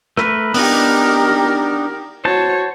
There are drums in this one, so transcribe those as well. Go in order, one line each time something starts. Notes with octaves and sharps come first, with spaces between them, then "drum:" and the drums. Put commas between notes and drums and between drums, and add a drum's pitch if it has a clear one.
A3 A#4 B4, drum: rim click
B3 D4 D#4 G4 A#4, drum: open hi-hat
F#4 C5 C#5 A5